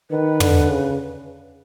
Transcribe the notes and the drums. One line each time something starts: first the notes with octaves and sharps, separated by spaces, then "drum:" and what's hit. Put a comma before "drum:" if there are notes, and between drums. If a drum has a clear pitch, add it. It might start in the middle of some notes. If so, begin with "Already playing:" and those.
D#3 B4
D3, drum: tom
C#3